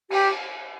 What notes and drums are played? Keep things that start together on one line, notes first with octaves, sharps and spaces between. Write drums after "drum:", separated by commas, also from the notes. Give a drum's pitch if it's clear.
G4, drum: cymbal